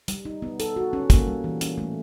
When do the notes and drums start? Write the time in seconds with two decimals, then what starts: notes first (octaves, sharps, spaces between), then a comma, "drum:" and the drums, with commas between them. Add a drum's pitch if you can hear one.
0.08 G3, drum: hi-hat
0.25 D#4
0.42 B3
0.60 A4, drum: hi-hat
0.76 F#4
0.93 C#4
1.10 A#3, drum: kick, hi-hat
1.27 G3
1.44 E3
1.61 C#4, drum: hi-hat
1.78 A3